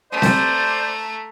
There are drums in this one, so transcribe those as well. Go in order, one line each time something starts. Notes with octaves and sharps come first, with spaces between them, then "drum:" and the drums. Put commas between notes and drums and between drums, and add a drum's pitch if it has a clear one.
A3 C5 D5 A#5
drum: snare C4